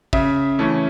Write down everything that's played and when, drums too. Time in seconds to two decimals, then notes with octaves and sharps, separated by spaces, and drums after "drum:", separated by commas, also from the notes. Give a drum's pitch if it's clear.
0.13 C#3 E5, drum: kick
0.59 E3 A3 C#4